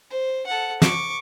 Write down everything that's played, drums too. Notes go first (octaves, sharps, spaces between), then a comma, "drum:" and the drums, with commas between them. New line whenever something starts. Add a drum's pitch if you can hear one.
C5
A4 F#5
C#6 D6, drum: snare